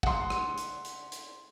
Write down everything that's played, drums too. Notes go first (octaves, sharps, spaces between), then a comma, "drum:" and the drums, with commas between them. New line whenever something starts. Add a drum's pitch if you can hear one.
F#5 C6, drum: kick
drum: rim click
drum: hi-hat
drum: hi-hat
drum: hi-hat